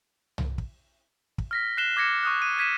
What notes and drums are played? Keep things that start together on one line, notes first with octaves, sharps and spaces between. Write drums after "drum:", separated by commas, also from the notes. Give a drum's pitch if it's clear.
drum: tom C2
drum: kick
drum: kick
F6 A#6 B6
F#6 C7 E7 G7
D6 G#6 A#6 C#7
C#6 D#6 F#6
D#7
G#6 B6 D#7 E7